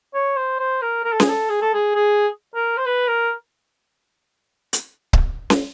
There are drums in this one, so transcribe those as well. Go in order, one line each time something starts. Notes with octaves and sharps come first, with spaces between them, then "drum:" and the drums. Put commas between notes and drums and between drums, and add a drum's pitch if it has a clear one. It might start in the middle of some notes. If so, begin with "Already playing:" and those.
C#5
C5
C5
A#4
A#4
A4
G#4, drum: snare C#4
A4
G#4
A4
G#4
G#4
A#4
C5
B4
A#4
drum: hi-hat
drum: kick C#1
drum: snare C#4